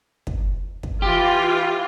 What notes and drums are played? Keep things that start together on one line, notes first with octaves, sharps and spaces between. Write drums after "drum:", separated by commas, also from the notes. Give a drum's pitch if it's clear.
drum: kick
drum: kick
E3 F4 G4